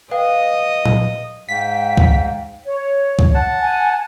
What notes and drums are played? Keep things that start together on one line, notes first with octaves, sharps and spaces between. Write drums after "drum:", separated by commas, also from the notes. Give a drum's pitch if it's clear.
B4 D#5 F5 G5
drum: tom A#2
G#2 F5 G5 B6
drum: kick
C#5
drum: kick
F#5 A5
G#5